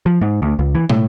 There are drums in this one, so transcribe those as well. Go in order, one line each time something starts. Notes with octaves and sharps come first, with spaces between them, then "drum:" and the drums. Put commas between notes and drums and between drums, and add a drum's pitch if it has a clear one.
F3
G#2
D2
C#2
E3
A2, drum: tom